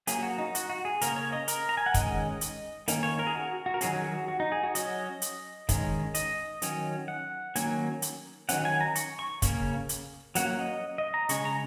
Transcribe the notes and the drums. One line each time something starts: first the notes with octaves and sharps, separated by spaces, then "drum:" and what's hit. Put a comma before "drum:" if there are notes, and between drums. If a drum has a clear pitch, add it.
F#3 A#3 C#4 G#4, drum: hi-hat
F#4
D#4
F#4, drum: hi-hat
F#4
G#4
C#3 A#3 C#4 A#4, drum: hi-hat
C#5
D#5
A#4, drum: hi-hat
A#5
G#5
F#5
D#3 G#3 C#4 D#5, drum: kick, hi-hat
drum: hi-hat
D#3 A#3 C#4, drum: hi-hat
C#5
A#4
G#4
F#4
F#4
A#4
D#3 F#3 C#4 G#4, drum: hi-hat
F#4
F#4
D#4
G#4
F#4
F#3 C#4 D#5, drum: hi-hat
drum: hi-hat
D#3 G#3 C#4, drum: kick, hi-hat
D#5, drum: hi-hat
D#3 F#3 C#4, drum: hi-hat
F#5
D#3 F#3 A#3 C#4 G#5, drum: hi-hat
drum: hi-hat
D#3 F#3 C#4 F#5, drum: hi-hat
G#5
A#5
C#6, drum: hi-hat
C#6
C#3 A#3 C#4, drum: kick, hi-hat
drum: hi-hat
F#3 A#3 C#4 F#5, drum: hi-hat
D#5
D#5
A#5
C#3 G#3 C#4 C#6, drum: hi-hat
A#5